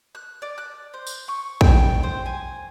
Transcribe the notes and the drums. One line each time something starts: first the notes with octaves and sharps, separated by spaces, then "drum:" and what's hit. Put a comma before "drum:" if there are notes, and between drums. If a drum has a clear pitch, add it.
F#6
D5
F#6
C5
drum: tambourine
C#6
G5, drum: kick
C5
G#5